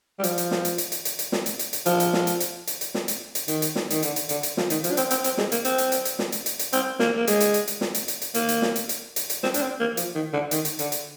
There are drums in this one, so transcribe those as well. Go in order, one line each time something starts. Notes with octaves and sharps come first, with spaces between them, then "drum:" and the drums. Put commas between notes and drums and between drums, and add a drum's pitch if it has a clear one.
G3
F3, drum: hi-hat
drum: hi-hat
drum: snare
drum: hi-hat
drum: hi-hat
drum: hi-hat
drum: hi-hat
drum: hi-hat
drum: snare
drum: hi-hat
drum: hi-hat
drum: hi-hat
F3, drum: hi-hat
drum: hi-hat
drum: snare
drum: hi-hat
drum: hi-hat
drum: hi-hat
drum: hi-hat
drum: snare
drum: hi-hat
drum: hi-hat
D#3, drum: hi-hat
drum: hi-hat
drum: snare
D#3, drum: hi-hat
D3, drum: hi-hat
drum: hi-hat
D3, drum: hi-hat
drum: hi-hat
F3, drum: snare
D#3, drum: hi-hat
F3, drum: hi-hat
D4
C4, drum: hi-hat
C4, drum: hi-hat
C4, drum: hi-hat
G#3, drum: snare
A#3, drum: hi-hat
C4, drum: hi-hat
drum: hi-hat
drum: hi-hat
drum: hi-hat
drum: snare
drum: hi-hat
drum: hi-hat
drum: hi-hat
C4, drum: hi-hat
A#3, drum: snare
A#3
G#3, drum: hi-hat
drum: hi-hat
drum: hi-hat
drum: hi-hat
drum: snare
drum: hi-hat
drum: hi-hat
drum: hi-hat
A#3, drum: hi-hat
drum: hi-hat
drum: snare
drum: hi-hat
drum: hi-hat
drum: hi-hat
drum: hi-hat
C4, drum: snare
D4, drum: hi-hat
C4
A#3
F3, drum: hi-hat
D#3
D3
D#3, drum: hi-hat
drum: hi-hat
D3, drum: hi-hat
drum: hi-hat